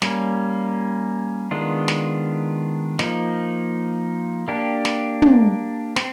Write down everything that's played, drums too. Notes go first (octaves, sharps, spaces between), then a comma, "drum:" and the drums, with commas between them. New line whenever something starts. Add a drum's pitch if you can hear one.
G3 A#3 C#4, drum: snare
D#3 G#3 B3 D4 F4
drum: snare
F3 A#3 D#4, drum: snare
A#3 D4 G4
drum: snare
drum: tom
C4, drum: snare